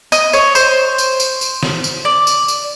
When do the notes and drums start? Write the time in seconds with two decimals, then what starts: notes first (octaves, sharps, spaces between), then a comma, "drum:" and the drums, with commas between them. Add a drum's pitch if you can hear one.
0.12 D#5, drum: tambourine
0.33 C#5, drum: tambourine
0.55 C5, drum: tambourine
0.98 drum: tambourine
1.20 drum: tambourine
1.41 drum: tambourine
1.63 drum: snare
1.84 drum: tambourine
2.05 D5
2.27 drum: tambourine
2.48 drum: tambourine